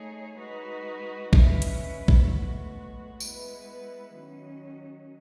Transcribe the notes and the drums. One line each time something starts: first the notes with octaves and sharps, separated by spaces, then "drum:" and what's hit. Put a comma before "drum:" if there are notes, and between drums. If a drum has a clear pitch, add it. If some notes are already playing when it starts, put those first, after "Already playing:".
Already playing: A3 D#4 G#4 C#5
G#3 D#4 F#4 B4
G#3 C#4 E4 B4, drum: kick A#1
drum: hi-hat
drum: kick A#1
A2 G#3 B3 F#4
G#3 B3 E4 B4, drum: tambourine
D#3 F#3 C#4